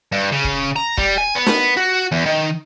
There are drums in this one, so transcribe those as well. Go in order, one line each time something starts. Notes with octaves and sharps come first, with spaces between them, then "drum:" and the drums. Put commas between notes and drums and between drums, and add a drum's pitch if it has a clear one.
G2
C#3
drum: kick
A#5
G3, drum: kick
G#5
B3
drum: snare
F#4
E2
D#3